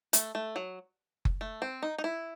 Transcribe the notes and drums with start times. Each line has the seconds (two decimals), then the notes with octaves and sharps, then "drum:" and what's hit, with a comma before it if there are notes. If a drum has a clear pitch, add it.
0.13 A3, drum: hi-hat
0.35 A3
0.56 F#3
1.25 drum: kick F#1
1.41 A3
1.62 C4
1.82 D#4
1.98 D#4
2.04 E4